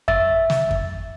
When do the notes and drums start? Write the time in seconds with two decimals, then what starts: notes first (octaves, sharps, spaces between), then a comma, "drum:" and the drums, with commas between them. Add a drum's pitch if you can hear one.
0.08 E5 A6, drum: kick F2
0.50 drum: snare
0.71 drum: kick F2